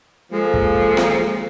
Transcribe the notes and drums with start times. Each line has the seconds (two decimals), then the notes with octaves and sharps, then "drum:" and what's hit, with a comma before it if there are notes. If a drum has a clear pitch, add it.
0.32 F3 G#3 A#3 A4
0.54 drum: kick
0.97 drum: rim click